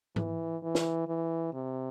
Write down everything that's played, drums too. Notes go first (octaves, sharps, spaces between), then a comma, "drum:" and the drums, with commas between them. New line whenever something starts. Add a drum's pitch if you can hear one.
E3, drum: tom G#2
E3
drum: snare
E3
C3